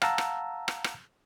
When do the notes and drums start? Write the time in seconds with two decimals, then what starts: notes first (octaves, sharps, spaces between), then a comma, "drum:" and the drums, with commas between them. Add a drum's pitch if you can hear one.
0.02 F5 F#5 A5 A#5 E6, drum: rim click
0.18 drum: rim click
0.68 drum: rim click
0.84 drum: rim click